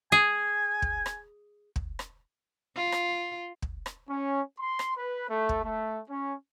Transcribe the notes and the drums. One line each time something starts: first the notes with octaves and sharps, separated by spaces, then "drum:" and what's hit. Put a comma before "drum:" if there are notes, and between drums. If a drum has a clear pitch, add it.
G#4 G#5
drum: kick
drum: rim click
drum: kick
drum: rim click
F4
drum: rim click
drum: kick
drum: rim click
C#4
C6
drum: rim click
B4
A3
drum: kick
A3
C#4